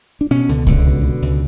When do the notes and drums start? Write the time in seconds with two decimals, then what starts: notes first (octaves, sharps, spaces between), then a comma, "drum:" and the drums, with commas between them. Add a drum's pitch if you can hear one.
0.21 D4
0.31 B2 C#4
0.49 C#2 D3
0.67 C#2 D3, drum: kick C2
0.86 B2
1.03 B2
1.22 C#2